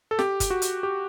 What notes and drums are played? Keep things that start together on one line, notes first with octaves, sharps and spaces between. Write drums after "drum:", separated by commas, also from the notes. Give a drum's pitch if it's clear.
A4
G4, drum: snare
drum: kick F#1, hi-hat
F#4
drum: hi-hat
G4